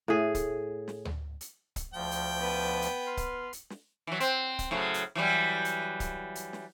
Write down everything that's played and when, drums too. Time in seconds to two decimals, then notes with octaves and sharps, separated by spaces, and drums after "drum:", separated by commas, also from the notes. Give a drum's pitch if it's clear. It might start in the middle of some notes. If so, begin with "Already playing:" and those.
0.08 A2 G#4
0.35 drum: kick C#1, hi-hat
0.88 drum: snare
1.05 drum: tom D2
1.41 drum: hi-hat
1.76 drum: kick C#1, hi-hat
1.94 D2 F3 G5
2.11 drum: hi-hat
2.38 B3 B4
2.82 drum: hi-hat
3.06 C6 F6
3.17 drum: kick C#1, hi-hat
3.53 drum: hi-hat
3.70 drum: snare
4.07 E3 F#3
4.20 C4, drum: hi-hat
4.59 drum: kick C#1, hi-hat
4.71 A2 C#3 F#3
4.94 drum: hi-hat
5.15 E3 F#3 G3
5.65 drum: hi-hat
6.00 drum: kick C#1, hi-hat
6.35 drum: hi-hat
6.53 drum: snare